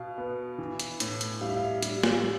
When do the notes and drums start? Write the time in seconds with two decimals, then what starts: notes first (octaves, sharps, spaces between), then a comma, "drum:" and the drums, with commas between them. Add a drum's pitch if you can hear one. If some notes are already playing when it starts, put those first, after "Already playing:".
Already playing: B2 F5
0.18 B3
0.58 E3
0.80 drum: hi-hat
1.00 A2, drum: hi-hat
1.21 drum: hi-hat
1.41 G3 F5
1.49 E5
1.56 F5
1.83 G3, drum: hi-hat
2.04 drum: snare